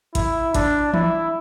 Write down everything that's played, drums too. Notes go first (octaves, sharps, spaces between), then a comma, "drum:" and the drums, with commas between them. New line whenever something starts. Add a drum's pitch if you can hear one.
E4, drum: kick A1, hi-hat
D4, drum: kick A1, hi-hat
E4, drum: tom E3